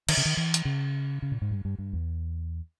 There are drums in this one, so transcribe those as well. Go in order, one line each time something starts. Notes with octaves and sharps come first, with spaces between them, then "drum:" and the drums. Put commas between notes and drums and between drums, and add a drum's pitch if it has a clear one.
D#3, drum: cymbal
C#3
D#3
E3
drum: hi-hat
C#3
C#3
A#2
G#2
G2
G2
G2
E2